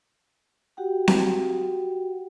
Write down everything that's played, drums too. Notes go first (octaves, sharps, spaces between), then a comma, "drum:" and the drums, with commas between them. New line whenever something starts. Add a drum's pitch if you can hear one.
F#4 G4 F#5 G5
drum: snare C4